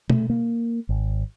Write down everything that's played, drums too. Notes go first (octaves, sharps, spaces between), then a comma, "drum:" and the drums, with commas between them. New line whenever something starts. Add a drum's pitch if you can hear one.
A3, drum: tom B2
A#3
G#1